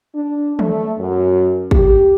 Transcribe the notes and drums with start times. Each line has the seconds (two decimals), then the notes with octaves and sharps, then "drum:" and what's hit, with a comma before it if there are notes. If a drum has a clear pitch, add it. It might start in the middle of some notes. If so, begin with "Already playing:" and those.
0.15 D4
0.59 A3, drum: tom
0.98 F#2
1.71 G4, drum: kick